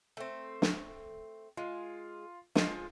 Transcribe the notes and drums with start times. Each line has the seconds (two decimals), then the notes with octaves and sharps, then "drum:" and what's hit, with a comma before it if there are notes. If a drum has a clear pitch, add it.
0.17 A3 C4
0.62 drum: snare
1.57 G#3 F4
2.56 F3 G#3 F4, drum: snare